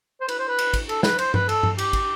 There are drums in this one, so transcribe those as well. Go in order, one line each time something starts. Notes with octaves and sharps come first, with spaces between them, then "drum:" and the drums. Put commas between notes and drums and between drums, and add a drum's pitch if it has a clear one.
C5
B4, drum: cymbal
C5
B4
drum: cymbal
drum: kick, cymbal
A4, drum: cymbal
B4, drum: snare
C5, drum: cymbal
B4, drum: tom G2
A4, drum: cymbal
drum: tom G2
G4, drum: cymbal
drum: kick, cymbal